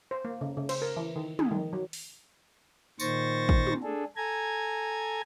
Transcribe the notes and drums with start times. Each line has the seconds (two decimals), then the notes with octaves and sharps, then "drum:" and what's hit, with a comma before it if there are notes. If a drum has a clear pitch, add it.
0.11 C5
0.25 A#3
0.41 C#3
0.57 C#3
0.69 C5, drum: cymbal
0.82 A#4
0.96 E3
1.16 D#3
1.39 G#4, drum: tom
1.51 D#3
1.73 F#3
1.93 drum: open hi-hat
3.00 A#2 D#3 C5 C#6 A6 A#6, drum: tambourine
3.49 drum: kick
3.67 drum: tom
3.83 D4 G#4 A4
4.17 A4 G#5 A#5 G#6